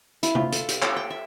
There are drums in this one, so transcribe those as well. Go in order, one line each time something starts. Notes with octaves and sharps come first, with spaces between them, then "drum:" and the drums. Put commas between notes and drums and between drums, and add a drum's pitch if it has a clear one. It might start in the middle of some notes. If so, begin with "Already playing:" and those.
E4, drum: hi-hat
F4, drum: tom C3
A4, drum: hi-hat
G4, drum: hi-hat
A4, drum: clap
G5
E5